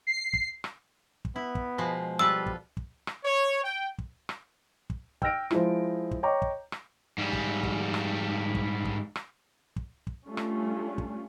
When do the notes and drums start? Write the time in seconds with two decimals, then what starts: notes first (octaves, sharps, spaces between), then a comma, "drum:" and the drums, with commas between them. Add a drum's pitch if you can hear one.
0.07 C7
0.33 drum: kick
0.64 drum: rim click
1.25 drum: kick
1.36 B3 E4
1.55 drum: kick
1.78 B2 F3 G#3
2.19 G3 F4 A4 B4 E6
2.46 drum: kick
2.77 drum: kick
3.07 drum: rim click
3.24 C#5
3.63 G5
3.98 drum: kick
4.29 drum: rim click
4.90 drum: kick
5.22 G5 E6 F6 A#6 D7, drum: kick
5.51 F3 G#3 E4, drum: rim click
6.11 drum: kick
6.23 C#5 D#5 G5 A#5 C#6 D6
6.42 drum: kick
6.72 drum: rim click
7.18 G#2 G3
7.33 drum: kick
7.63 drum: kick
7.94 drum: rim click
8.55 drum: kick
8.85 drum: kick
9.16 drum: rim click
9.76 drum: kick
10.07 drum: kick
10.28 G3 A3 C#4 D4 F4
10.37 drum: rim click
10.98 drum: kick